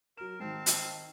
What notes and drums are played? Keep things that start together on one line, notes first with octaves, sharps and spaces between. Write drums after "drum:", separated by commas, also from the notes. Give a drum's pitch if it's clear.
F#3 A#4 E7
G#2 D#3 C4 F5 A5
D#3 E6, drum: hi-hat